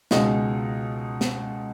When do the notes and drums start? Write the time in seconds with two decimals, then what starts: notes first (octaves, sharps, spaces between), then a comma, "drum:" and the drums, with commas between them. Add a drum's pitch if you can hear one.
0.11 C#2 B2 G#3 D#4, drum: snare
1.21 drum: snare